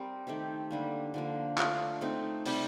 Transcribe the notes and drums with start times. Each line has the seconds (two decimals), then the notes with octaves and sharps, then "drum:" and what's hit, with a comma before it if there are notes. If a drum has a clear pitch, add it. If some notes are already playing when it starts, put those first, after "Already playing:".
Already playing: G3 C4 G4 A#4
0.27 D#3 A3 C4 G4
0.71 D3 G3 A#3
1.14 D3 F3 A#3
1.58 A3 D4 F4, drum: clap
2.01 A3 C4 D#4
2.46 C3 G3 C4 G4, drum: open hi-hat